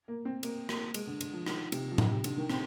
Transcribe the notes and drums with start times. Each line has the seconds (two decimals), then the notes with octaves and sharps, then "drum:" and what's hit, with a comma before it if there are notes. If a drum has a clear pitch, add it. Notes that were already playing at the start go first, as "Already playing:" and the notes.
0.08 A#3
0.25 C4
0.43 A#3, drum: cymbal
0.69 A#3, drum: rim click
0.94 G#3, drum: cymbal
1.07 D3
1.21 D3, drum: cymbal
1.33 F3
1.46 D#3, drum: rim click
1.72 C3, drum: cymbal
1.92 F3
1.98 D#3, drum: tom A2
2.11 C3
2.24 D3, drum: cymbal
2.38 D#3
2.49 C4, drum: rim click